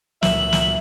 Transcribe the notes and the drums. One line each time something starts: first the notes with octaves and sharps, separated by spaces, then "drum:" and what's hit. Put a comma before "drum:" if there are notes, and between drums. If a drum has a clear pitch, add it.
C#2 A#2 F#3 E5 F#7, drum: snare
drum: snare